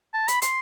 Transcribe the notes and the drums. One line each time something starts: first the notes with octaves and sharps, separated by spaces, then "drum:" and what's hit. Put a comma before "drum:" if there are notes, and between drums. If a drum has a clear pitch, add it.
A5
B5, drum: hi-hat
C6, drum: hi-hat